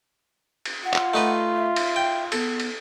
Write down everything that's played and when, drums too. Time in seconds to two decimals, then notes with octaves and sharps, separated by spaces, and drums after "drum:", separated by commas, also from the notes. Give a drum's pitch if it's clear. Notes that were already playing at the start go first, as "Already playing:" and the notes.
0.65 drum: cymbal
0.84 F4 F#5
0.93 drum: clap
1.14 A3 D#4 B4
1.55 E5
1.76 drum: cymbal
1.96 G5
2.32 B3 A4, drum: cymbal
2.60 drum: cymbal